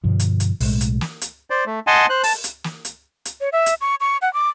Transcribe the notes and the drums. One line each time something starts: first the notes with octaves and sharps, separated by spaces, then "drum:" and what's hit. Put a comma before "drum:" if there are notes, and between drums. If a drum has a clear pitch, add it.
G2 B2 D3 F3
drum: hi-hat
drum: hi-hat
B1 A2 G#3, drum: open hi-hat
drum: hi-hat
drum: snare
drum: hi-hat
C5 D5
A3
D#5 F#5 G#5 A5 C6
C5 F#6
A5, drum: open hi-hat
drum: hi-hat
drum: snare
drum: hi-hat
drum: hi-hat
C#5
E5
drum: hi-hat
C#6
C#6
F#5
D6